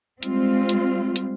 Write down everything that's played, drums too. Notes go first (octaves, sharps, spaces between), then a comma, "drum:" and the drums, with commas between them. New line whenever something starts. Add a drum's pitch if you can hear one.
G3 G#3 C4 F4, drum: hi-hat
drum: hi-hat
drum: hi-hat